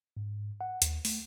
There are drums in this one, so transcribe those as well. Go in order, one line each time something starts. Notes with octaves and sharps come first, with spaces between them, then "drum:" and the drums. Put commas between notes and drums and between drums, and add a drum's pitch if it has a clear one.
G#2
F#5
D#2, drum: hi-hat
A3, drum: open hi-hat